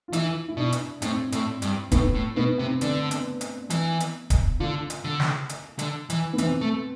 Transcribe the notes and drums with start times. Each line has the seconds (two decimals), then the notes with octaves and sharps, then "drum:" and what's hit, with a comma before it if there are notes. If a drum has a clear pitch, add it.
0.08 F4
0.13 E3 E4, drum: hi-hat
0.48 E4
0.57 B2 D4
0.72 drum: hi-hat
1.02 A2 C4, drum: hi-hat
1.32 A2, drum: hi-hat
1.62 G2, drum: hi-hat
1.92 A2 B3, drum: kick D#1, hi-hat
2.15 A2
2.36 B2 B3
2.58 C3 C4
2.81 D3 D4, drum: hi-hat
3.11 drum: hi-hat
3.41 drum: hi-hat
3.70 E3, drum: hi-hat
4.00 drum: hi-hat
4.30 drum: kick D#1, hi-hat
4.60 D3 F4
4.90 drum: hi-hat
5.04 D3
5.20 drum: snare
5.49 drum: hi-hat
5.79 D3, drum: hi-hat
6.10 E3, drum: hi-hat
6.33 B3
6.38 E3 C4, drum: hi-hat
6.61 A3